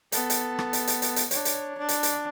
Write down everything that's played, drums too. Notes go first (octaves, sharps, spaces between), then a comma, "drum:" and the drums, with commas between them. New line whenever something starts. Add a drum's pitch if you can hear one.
B3 A4, drum: hi-hat
drum: hi-hat
drum: rim click
drum: hi-hat
drum: hi-hat
drum: hi-hat
drum: hi-hat
D4 C#5, drum: hi-hat
drum: hi-hat
D4
drum: hi-hat
drum: hi-hat